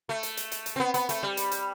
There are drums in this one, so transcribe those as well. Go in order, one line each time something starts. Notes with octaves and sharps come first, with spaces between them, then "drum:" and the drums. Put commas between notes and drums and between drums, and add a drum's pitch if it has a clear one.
A3
drum: hi-hat
drum: hi-hat
drum: hi-hat
drum: hi-hat
C4
B3
B3, drum: hi-hat
A3, drum: hi-hat
G3
drum: hi-hat
drum: hi-hat